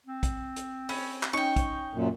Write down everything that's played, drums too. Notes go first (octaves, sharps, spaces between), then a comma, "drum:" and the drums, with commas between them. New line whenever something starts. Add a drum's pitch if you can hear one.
C4
drum: kick, hi-hat
drum: hi-hat
C#4 B5, drum: open hi-hat
drum: clap
C#4 D#4 G5 C#6
drum: kick, hi-hat
F#2 A#2